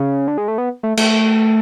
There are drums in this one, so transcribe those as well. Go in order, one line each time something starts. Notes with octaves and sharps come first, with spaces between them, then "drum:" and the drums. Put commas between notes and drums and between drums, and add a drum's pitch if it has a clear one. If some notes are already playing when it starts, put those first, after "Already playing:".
Already playing: C#3
D3
G#3
A3
B3
A3
A3, drum: cymbal